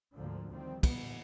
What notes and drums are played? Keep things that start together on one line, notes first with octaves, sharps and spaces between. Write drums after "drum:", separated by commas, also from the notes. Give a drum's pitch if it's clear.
D2 G#2 D3 F3 A#3
D#3 F3 G3 C4
A#2 E3 B3, drum: kick, cymbal